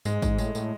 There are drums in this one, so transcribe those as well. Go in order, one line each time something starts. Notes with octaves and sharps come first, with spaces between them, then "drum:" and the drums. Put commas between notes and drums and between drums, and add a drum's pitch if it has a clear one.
G#2 G#3, drum: tambourine
G#2, drum: kick G#1, tambourine
A2 G#3, drum: tambourine
A2, drum: tambourine